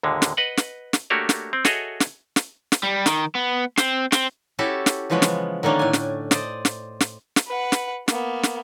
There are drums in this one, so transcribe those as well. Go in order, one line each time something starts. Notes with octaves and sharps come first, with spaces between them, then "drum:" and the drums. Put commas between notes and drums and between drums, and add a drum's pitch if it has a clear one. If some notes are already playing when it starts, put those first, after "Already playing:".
D#2 A#2 D3 G#3
drum: snare
B4 D#5 F#5
drum: snare
drum: snare
A3 A#3 D4 F#4 G4 C#5
drum: snare
C4
F#4 G#4 A4 C#5 D#5 E5, drum: snare
drum: snare
drum: snare
drum: snare
G3
D#3, drum: snare
B3
C4, drum: snare
C4, drum: snare
C#4 E4 F#4 G4 A4 A5
drum: snare
C#3 E3 F3 G#3 B3 C#4
drum: snare
D3 D#3 A#3 C#4 D4
A2 G#5
drum: snare
C5 D5 D#5, drum: snare
drum: snare
drum: snare
drum: snare
B4 F#5
drum: snare
A#3 B3, drum: snare
drum: snare